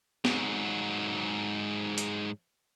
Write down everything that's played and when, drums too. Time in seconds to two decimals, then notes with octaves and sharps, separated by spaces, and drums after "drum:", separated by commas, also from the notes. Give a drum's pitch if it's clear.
0.25 G#2 F#3, drum: snare
1.98 drum: hi-hat